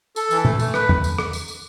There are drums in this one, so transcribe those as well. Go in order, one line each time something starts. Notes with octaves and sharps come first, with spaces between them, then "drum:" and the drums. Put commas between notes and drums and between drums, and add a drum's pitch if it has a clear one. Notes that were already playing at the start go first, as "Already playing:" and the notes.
A4, drum: tambourine
E3, drum: tambourine
A3, drum: tom
A3, drum: tambourine
B4, drum: rim click
drum: tom
drum: tambourine
drum: rim click
drum: tambourine
drum: tambourine